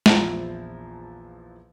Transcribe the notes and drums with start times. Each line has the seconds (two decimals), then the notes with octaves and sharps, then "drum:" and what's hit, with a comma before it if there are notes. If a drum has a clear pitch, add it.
0.06 A#1 E2 F3 E4 A5 A#5, drum: snare